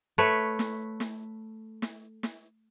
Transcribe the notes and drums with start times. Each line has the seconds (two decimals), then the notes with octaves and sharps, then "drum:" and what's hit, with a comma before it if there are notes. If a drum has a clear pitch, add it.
0.18 A3 B4 C#5
0.59 drum: snare
1.00 drum: snare
1.82 drum: snare
2.23 drum: snare